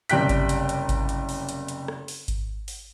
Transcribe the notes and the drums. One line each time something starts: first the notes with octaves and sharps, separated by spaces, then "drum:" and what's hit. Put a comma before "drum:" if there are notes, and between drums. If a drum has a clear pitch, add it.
F#1 C3 G3 G5 F#6 B6, drum: hi-hat
drum: kick G#1, hi-hat
drum: hi-hat
drum: hi-hat
drum: kick G#1, hi-hat
drum: hi-hat
drum: open hi-hat
drum: hi-hat
drum: hi-hat
drum: rim click
drum: open hi-hat
drum: kick G#1, hi-hat
drum: open hi-hat